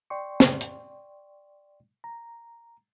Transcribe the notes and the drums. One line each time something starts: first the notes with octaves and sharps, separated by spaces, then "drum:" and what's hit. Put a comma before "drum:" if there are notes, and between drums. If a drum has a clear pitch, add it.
D5 G5 C6 C#6
drum: snare
drum: hi-hat
A#5